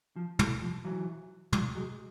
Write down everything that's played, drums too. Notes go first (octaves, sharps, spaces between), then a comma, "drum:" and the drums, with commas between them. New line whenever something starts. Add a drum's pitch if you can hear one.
F3
G3 A3, drum: tom
F3
E3 F#3
F3 G3, drum: tom
F#3 G#3